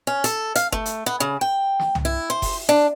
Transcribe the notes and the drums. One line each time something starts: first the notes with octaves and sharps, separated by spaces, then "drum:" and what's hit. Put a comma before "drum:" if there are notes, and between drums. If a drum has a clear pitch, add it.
C#4
A4, drum: hi-hat
F5, drum: hi-hat
A3, drum: kick F#1
drum: hi-hat
B3
C#3
G5
drum: snare
drum: tom C2
E4
C5
drum: kick F#1, open hi-hat
D4